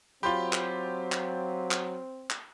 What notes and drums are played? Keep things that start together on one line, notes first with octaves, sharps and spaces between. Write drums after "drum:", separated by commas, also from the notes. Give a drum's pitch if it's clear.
F#3 C4 F4 G4 B5 C6 G7
drum: clap
drum: clap
drum: clap
drum: clap